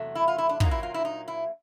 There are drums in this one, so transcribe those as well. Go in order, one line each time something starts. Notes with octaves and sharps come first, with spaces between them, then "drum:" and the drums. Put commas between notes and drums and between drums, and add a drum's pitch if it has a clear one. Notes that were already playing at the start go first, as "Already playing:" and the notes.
Already playing: E2 C3 F#3 A3
E4
F4
E4
D4
A#2 F#3 A#3 D#4, drum: kick
E4
F4
E4
D#4
E4